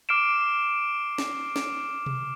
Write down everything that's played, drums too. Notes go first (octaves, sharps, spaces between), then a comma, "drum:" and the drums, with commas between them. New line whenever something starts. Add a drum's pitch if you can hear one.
D6 F6 C7 D7 E7
drum: snare
drum: snare
drum: tom B2